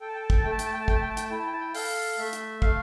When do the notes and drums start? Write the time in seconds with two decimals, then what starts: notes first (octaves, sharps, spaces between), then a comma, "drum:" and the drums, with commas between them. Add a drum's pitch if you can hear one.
0.01 A4 G5
0.08 A5
0.15 G5
0.23 A5
0.30 G5, drum: kick
0.38 A5
0.44 A3 G5
0.52 A5
0.59 G5, drum: hi-hat
0.66 A5
0.74 G5
0.81 A5
0.88 A3 G5, drum: kick
0.95 A5
1.02 G5
1.10 A5
1.17 G5, drum: hi-hat
1.24 A5
1.31 E4 G5
1.39 A5
1.46 G5
1.53 A5
1.60 G5
1.75 A4 F5, drum: open hi-hat
2.18 A3 E5
2.33 drum: hi-hat
2.62 A3 F5, drum: kick